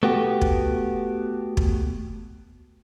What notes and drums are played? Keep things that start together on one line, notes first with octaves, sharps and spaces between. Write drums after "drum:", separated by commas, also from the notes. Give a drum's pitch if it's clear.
A3 B3 F#4 G4
drum: kick
drum: kick